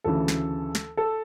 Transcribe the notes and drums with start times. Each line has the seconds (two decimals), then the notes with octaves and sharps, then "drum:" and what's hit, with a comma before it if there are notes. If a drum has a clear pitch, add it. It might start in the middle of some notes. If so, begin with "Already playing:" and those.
0.04 D2 C#3 E3 A4
0.28 drum: snare
0.75 drum: snare
0.97 A4